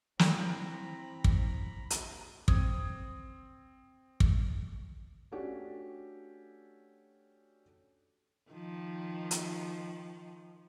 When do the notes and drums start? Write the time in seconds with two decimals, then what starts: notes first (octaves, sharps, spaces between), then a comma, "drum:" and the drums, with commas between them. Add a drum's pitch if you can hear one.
0.19 E3 C4 A#5 B5, drum: snare
1.24 drum: kick
1.90 drum: hi-hat
2.48 C4 D#6 G#6, drum: kick
4.20 drum: kick
5.32 A3 C#4 D4 F#4 G4 A4
8.51 D#3 F3
9.31 drum: hi-hat